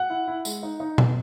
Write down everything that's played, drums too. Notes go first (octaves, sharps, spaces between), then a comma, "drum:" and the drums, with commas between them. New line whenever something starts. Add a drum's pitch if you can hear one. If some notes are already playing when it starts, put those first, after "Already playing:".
Already playing: F#5
E4
E4
G#3, drum: tambourine
D#4
D#4
B3, drum: tom